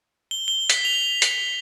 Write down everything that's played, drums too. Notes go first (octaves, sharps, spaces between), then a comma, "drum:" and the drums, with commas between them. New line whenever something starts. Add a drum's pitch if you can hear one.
G7
G7
B6, drum: hi-hat
F7
drum: hi-hat